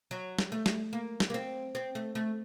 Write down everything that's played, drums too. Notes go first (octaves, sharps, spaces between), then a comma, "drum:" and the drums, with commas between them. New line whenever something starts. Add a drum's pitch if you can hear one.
F#3
drum: snare
A3
drum: snare
A#3
drum: snare
A#3
C4
C4
A3
A3